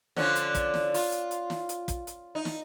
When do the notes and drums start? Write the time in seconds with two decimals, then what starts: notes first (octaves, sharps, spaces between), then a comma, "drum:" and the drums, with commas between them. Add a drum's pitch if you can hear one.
0.16 D3 F3 C#4, drum: snare
0.35 drum: hi-hat
0.55 drum: kick, hi-hat
0.74 drum: snare
0.94 F4, drum: open hi-hat
1.12 drum: hi-hat
1.31 drum: hi-hat
1.50 drum: snare
1.69 drum: hi-hat
1.88 drum: kick, hi-hat
2.07 drum: hi-hat
2.35 D#4
2.45 drum: snare